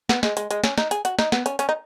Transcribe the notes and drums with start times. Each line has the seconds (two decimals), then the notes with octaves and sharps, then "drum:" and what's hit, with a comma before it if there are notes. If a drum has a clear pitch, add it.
0.09 B3, drum: snare
0.23 G#3, drum: snare
0.37 G#3, drum: hi-hat
0.51 G#3, drum: hi-hat
0.64 C#4, drum: snare
0.78 D#4, drum: snare
0.91 G#4, drum: hi-hat
1.05 F#4, drum: hi-hat
1.19 D#4, drum: snare
1.32 B3, drum: snare
1.46 C#4, drum: hi-hat
1.59 C#4, drum: hi-hat
1.69 D#4